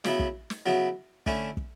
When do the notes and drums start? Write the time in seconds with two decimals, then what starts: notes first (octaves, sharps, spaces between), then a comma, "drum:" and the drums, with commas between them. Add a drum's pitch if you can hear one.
0.04 C#3 F#3 B3 E4, drum: snare
0.19 drum: kick
0.50 drum: snare
0.66 C#3 F#3 B3 E4
1.26 D3 A3 C#4 E4, drum: kick
1.57 drum: kick